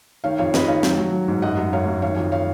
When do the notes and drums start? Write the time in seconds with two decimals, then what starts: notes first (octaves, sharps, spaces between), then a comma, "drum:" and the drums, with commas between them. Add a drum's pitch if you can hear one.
0.24 D#3 C#5 F5
0.38 F2 C#5 F5
0.54 F2 B4 D#5, drum: snare
0.68 D#3 C#5 F5
0.83 F#3, drum: snare
0.98 F#3
1.13 F#3
1.28 G#2
1.42 F#2 D#5 F#5
1.57 F#2
1.72 F#2 C#5 F5
1.87 F#2
2.02 D#3 C#5 F5
2.17 F2
2.32 C#5 F5